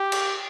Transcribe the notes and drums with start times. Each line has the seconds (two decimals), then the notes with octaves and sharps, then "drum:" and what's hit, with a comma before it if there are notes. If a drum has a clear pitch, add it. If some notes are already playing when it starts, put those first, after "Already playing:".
Already playing: G4
0.12 drum: cymbal